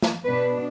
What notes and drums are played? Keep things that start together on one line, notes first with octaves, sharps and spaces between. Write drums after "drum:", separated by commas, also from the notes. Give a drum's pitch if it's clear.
drum: snare
B2 B3 D4 B4